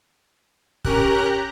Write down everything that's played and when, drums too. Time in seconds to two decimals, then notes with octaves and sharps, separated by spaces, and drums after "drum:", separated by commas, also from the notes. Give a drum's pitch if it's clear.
0.85 C#4 G4 A#4 A#5 F#6, drum: kick